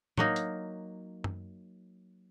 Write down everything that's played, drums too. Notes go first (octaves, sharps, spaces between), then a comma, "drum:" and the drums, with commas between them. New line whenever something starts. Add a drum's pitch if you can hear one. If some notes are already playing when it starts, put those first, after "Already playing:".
F#3 A#3 D#4, drum: tom
drum: hi-hat
drum: tom